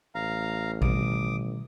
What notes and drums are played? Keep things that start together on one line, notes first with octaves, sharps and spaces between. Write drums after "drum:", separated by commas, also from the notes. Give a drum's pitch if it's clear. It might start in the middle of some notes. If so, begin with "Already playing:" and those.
A1 F5 A#5
B2 D#3 G3 D6 D#6, drum: kick A#1